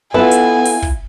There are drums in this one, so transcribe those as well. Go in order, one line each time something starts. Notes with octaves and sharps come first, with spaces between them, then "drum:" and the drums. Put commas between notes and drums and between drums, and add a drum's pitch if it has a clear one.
B3 E4 F4 A4 B4 G#5
drum: hi-hat
drum: open hi-hat
drum: kick